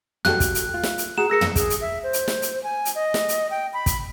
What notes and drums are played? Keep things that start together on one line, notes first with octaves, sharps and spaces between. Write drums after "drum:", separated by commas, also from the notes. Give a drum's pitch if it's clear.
F#4 G4 A4 F#6, drum: tom
drum: kick, hi-hat
drum: hi-hat
F4
drum: snare
drum: hi-hat
F#4 G#4 A#5 E7
G#4 A#4 E6 A#6 C#7
drum: tom
G#4, drum: kick, hi-hat
drum: hi-hat
E5
C5
drum: hi-hat
drum: snare
drum: hi-hat
G#5
drum: hi-hat
D#5
drum: snare
drum: hi-hat
G5
B5
drum: kick, hi-hat